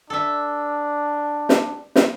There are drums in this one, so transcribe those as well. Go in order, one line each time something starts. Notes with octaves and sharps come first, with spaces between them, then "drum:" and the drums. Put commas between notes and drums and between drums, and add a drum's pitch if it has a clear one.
D4 A4 E5
drum: snare
drum: snare